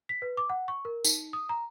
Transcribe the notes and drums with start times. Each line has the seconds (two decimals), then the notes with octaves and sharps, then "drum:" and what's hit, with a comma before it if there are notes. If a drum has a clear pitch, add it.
0.09 B6
0.22 B4
0.37 D6
0.50 F#5
0.68 C#6
0.85 A#4
1.04 D#4, drum: tambourine
1.33 D#6
1.49 A#5